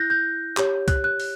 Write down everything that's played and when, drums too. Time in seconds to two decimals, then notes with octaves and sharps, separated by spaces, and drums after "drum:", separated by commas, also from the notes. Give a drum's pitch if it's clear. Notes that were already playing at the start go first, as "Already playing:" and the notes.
Already playing: E4 F#6 G6 A#6
0.10 G6
0.57 G4 C#5, drum: clap
0.88 F#6, drum: kick C2, hi-hat
1.04 F#6
1.20 drum: open hi-hat